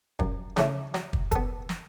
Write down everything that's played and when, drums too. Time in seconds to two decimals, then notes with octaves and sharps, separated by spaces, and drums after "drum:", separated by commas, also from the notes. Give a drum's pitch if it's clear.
0.19 F#2, drum: kick
0.57 C#3 A3 C#4 E4, drum: snare
0.94 F#3, drum: snare
1.13 drum: kick
1.32 B3 A4, drum: kick, hi-hat
1.69 drum: snare